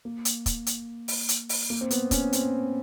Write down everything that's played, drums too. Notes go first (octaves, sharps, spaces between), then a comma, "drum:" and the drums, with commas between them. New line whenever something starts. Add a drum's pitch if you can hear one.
A#3
drum: hi-hat
drum: kick, hi-hat
drum: hi-hat
drum: open hi-hat
drum: hi-hat
drum: open hi-hat
A#3
C4
B3, drum: hi-hat
C#4, drum: kick, hi-hat
C4, drum: hi-hat